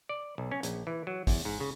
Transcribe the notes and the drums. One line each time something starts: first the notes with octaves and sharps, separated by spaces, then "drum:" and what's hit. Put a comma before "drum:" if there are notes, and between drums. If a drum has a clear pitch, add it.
D5
B1
C#4
A#1, drum: hi-hat
E3
F#3
E2, drum: kick, open hi-hat
G#2
C#3